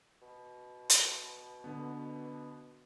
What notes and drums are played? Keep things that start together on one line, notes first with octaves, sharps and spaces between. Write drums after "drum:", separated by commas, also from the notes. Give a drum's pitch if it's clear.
B2
drum: hi-hat
D3 B3